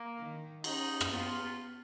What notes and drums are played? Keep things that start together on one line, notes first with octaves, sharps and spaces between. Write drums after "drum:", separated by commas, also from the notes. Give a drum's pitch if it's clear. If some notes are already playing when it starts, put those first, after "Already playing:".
Already playing: A#3
D#3
C#4 D#4, drum: cymbal
drum: rim click
B3 F4